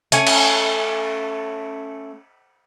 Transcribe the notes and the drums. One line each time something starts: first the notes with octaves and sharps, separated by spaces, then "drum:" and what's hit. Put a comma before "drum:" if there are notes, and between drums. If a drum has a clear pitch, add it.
A3 C#4 G#5, drum: hi-hat
drum: cymbal